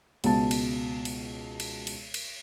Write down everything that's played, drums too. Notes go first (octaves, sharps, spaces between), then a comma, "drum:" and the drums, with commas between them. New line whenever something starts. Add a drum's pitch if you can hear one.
C#2 B2 A5, drum: cymbal
drum: cymbal
drum: cymbal
drum: cymbal
drum: cymbal
drum: cymbal